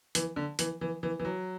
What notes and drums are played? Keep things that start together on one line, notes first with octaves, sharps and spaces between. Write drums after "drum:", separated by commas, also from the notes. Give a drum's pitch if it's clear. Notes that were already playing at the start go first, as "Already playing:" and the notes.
E3, drum: hi-hat
D3
E3, drum: hi-hat
E3
E3
E3
F#3